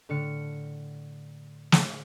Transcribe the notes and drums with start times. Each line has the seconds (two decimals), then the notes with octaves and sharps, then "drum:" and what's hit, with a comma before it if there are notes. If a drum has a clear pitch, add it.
0.09 A2 D3 F6 C#7
1.72 drum: snare